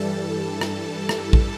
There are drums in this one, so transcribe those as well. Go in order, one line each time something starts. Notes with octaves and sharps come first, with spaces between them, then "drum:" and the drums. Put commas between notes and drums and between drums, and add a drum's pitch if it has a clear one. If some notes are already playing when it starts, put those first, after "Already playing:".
Already playing: G2 E3 G3 A4 A5
drum: rim click
drum: rim click
drum: kick